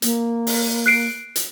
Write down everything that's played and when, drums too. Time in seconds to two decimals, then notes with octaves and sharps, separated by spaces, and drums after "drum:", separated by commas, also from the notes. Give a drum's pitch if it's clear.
0.02 A#3, drum: hi-hat
0.47 drum: open hi-hat
0.86 F#6 C7 D7
1.36 drum: hi-hat